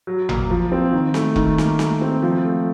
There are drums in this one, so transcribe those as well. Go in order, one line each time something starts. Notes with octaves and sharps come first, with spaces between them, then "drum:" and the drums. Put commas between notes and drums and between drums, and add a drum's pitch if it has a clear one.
F#3
A#3, drum: tom G#1
F3
C4
D#3
A3, drum: snare
D#3, drum: kick F1
A#3, drum: snare
A3, drum: snare
C4
F3
A3